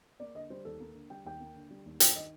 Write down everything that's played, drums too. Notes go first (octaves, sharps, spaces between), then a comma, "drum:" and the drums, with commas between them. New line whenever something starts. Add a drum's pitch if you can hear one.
A#3 D5
D3 D#5
G3 C5
D#2 A4
A#3
D3
G3 G5
D#2 G5
A#3
D3
G3
D#2
G2 G5, drum: hi-hat
D#3 D#5